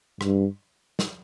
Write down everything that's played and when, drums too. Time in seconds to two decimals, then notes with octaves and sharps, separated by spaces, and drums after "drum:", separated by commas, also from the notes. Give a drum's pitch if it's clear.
0.21 G2, drum: rim click
0.99 drum: snare